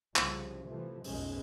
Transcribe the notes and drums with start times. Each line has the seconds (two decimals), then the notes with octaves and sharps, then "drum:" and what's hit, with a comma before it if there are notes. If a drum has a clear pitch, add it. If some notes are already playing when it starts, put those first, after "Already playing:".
0.16 C2 C#3 F3 G3, drum: clap
0.66 C3 E3 F3 A3
1.04 B1 F2 G#2 B2 G#3 C#4, drum: open hi-hat